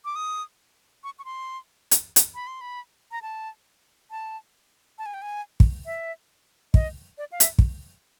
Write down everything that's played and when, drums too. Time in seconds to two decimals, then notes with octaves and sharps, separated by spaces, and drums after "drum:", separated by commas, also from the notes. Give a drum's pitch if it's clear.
0.05 D6
0.16 D#6
1.04 C#6
1.19 C#6
1.25 C6
1.91 drum: hi-hat
2.16 drum: hi-hat
2.35 B5
2.47 C6
2.61 B5
3.12 A#5
3.22 A5
4.11 A5
4.98 A5
5.06 G#5
5.14 G5
5.22 G#5
5.60 drum: kick
5.86 E5
6.74 D#5, drum: kick
7.18 D5
7.32 F5
7.40 E5, drum: hi-hat
7.59 drum: kick